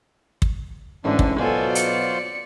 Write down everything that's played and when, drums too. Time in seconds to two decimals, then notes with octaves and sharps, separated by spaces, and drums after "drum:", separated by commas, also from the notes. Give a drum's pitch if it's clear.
0.42 drum: kick
1.04 A1 G#2 D3 D4
1.19 drum: kick
1.39 B2 F#3 F4 A4 C5 D5 G#5
1.75 C#7, drum: hi-hat